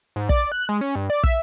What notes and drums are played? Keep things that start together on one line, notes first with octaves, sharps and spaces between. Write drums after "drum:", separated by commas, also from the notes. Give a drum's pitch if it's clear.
G#2
D5, drum: kick
F#6
G#3
C#4
G2
D5
E5, drum: kick